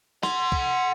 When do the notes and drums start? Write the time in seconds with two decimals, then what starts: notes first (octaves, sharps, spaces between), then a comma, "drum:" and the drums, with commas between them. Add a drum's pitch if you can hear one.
0.23 F#5 C6, drum: snare
0.52 drum: kick